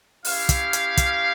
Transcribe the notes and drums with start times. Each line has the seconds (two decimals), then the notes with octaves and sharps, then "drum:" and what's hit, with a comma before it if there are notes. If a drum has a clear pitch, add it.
0.25 C#4 E4 G4 F5, drum: open hi-hat
0.49 drum: kick, hi-hat
0.73 drum: hi-hat
0.97 drum: kick, hi-hat